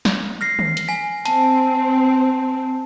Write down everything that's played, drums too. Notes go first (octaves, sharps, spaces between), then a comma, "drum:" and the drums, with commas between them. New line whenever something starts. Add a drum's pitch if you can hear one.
drum: snare
F6 A#6 C7
drum: tom D#3
drum: hi-hat
G#5 B6
C4 A5, drum: hi-hat